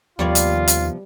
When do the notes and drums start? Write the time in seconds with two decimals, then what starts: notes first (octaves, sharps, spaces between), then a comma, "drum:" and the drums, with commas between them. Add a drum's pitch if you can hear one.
0.19 D#2 C3 F3 G3 B3 F4 C#5 D5
0.35 drum: hi-hat
0.68 drum: hi-hat